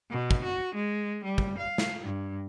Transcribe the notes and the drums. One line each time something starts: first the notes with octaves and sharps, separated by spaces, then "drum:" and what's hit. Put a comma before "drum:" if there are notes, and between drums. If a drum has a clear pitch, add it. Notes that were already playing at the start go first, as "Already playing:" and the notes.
B2
drum: kick
F#4
G#3
G3
drum: kick
F5
drum: snare
G2